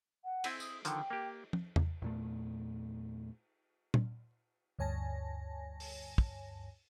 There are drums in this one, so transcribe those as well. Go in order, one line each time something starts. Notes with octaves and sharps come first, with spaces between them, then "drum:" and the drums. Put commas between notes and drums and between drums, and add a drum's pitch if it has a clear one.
F#5
C4 E4 G#5, drum: cymbal
D#6, drum: tambourine
D3 D#3 F3 G5, drum: hi-hat
A#3 G4
drum: tom
drum: tom E2
E2 A#2 A3
drum: tom
D2 G2 C#5 G#5 A5 A#6
drum: open hi-hat
drum: kick